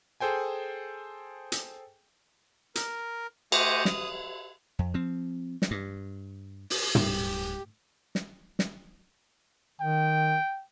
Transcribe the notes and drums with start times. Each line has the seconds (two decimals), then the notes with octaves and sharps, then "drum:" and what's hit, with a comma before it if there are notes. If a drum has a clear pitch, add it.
0.20 G#4 A4 C5 G5 G#5
1.52 drum: hi-hat
2.75 A#4, drum: hi-hat
3.52 A3 G4 C5 D#5 F#5 G#5, drum: cymbal
3.85 D#6, drum: snare
4.79 F2
4.94 F3 C4
5.62 drum: snare
5.71 G2
6.70 drum: open hi-hat
6.95 D1 G3 G4, drum: tom
8.15 drum: snare
8.59 drum: snare
9.81 D#3 G5